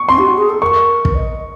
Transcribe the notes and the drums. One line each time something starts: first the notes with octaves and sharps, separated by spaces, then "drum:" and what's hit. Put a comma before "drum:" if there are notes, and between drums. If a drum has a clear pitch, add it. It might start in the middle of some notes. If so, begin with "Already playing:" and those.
Already playing: C#6
C4 C6
G4
F#4
G#4
A4
A#4 C#6
drum: kick
D#5